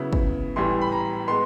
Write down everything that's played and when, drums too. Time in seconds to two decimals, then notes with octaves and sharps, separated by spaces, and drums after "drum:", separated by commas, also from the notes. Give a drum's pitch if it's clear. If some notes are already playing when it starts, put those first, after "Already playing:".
Already playing: C#3 F#3 B3 E4
0.13 drum: kick
0.56 A2 E3 G3 C6
0.81 B5
0.92 A#5
1.28 G#3 B3 C6